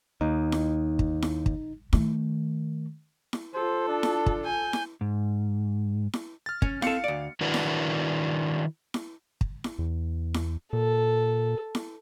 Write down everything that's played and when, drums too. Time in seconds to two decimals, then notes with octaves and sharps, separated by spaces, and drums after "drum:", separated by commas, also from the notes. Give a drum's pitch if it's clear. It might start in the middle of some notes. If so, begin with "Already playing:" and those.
0.21 D#2 D#4
0.52 drum: snare E4
0.99 drum: kick
1.22 drum: snare E4
1.46 drum: kick
1.93 D#3 A3, drum: snare E4
3.33 drum: snare E4
3.54 F4 A4 C5
3.88 D4
4.03 drum: snare E4
4.26 drum: kick
4.43 G#5 G6
4.73 drum: snare E4
5.01 G#2
6.13 drum: snare E4
6.46 F6 A6
6.62 C#4, drum: kick
6.82 C4 A4 F5 C#7, drum: snare E4
7.04 D2 D5
7.41 D#3 D4 E4 F#4 A#4 B4
7.54 drum: snare E4
8.94 drum: snare E4
9.41 drum: kick
9.64 drum: snare E4
9.79 E2
10.34 drum: snare E4
10.73 A#2 A4
11.75 drum: snare E4